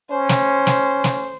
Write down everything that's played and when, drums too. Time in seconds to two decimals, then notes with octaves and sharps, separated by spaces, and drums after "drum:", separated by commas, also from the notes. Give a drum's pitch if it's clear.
0.11 C#4 C5
0.29 drum: snare
0.67 drum: snare
1.04 drum: snare